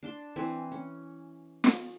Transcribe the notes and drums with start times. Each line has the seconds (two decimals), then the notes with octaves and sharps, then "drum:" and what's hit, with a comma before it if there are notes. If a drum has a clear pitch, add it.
0.03 D4 A5 C6
0.36 E3 C4 G#5 B5
0.72 C#4
1.64 drum: snare